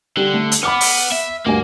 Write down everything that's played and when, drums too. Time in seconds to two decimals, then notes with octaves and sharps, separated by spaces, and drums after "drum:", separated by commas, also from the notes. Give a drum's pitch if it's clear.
0.17 D3 G3
0.34 A3
0.52 drum: hi-hat
0.63 B3 B5 D6 F6
0.81 drum: open hi-hat
1.12 E5
1.46 D2 G2 A#3 G#5